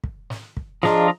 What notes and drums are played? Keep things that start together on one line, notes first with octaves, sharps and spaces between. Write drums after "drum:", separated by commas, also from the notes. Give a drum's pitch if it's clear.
drum: kick
drum: snare
drum: kick
F3 D4 F4 G#4 D#5 A#5, drum: snare